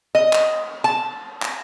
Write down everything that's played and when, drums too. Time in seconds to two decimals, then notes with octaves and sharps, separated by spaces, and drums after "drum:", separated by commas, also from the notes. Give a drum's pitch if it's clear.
0.15 D#5
0.33 drum: clap
0.84 A5
1.42 drum: clap